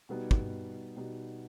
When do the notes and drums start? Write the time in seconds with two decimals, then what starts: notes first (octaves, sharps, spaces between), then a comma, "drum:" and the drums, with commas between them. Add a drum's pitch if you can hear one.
0.09 B2 G3 B3 D#4
0.31 drum: kick
0.97 B2 G3 B3 D#4